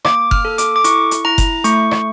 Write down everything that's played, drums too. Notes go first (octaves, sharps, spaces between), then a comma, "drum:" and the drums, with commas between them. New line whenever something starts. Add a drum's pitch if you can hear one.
A#3 D6, drum: rim click
F6, drum: kick F#1
A4
D6, drum: hi-hat
D6
E4 C#6, drum: hi-hat
drum: hi-hat
E4 A#5
drum: kick F#1, hi-hat
A3 C#6, drum: hi-hat
drum: rim click